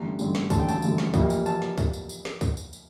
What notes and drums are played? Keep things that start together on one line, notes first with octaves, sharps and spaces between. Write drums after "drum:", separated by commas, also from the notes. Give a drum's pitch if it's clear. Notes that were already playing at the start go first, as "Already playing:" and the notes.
Already playing: A1 G2 D3 A#5
A1 G2 D3, drum: tambourine
drum: snare
A1 G2 D3 A5, drum: kick, tambourine
G5
A5, drum: tambourine
A1 G2 D3, drum: tambourine
drum: snare
F2 E3 G3 A#3, drum: kick, tambourine
drum: tambourine
A5, drum: tambourine
drum: snare
drum: kick, tambourine
drum: tambourine
drum: tambourine
drum: snare
drum: kick, tambourine
drum: tambourine
drum: tambourine